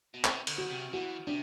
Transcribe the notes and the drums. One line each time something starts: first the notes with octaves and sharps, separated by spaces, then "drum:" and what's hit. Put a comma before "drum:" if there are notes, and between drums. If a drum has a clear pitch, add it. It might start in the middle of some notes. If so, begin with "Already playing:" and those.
B2
C3 B4, drum: clap
D3, drum: cymbal
F#4
C3
E3 F#4
C3 D4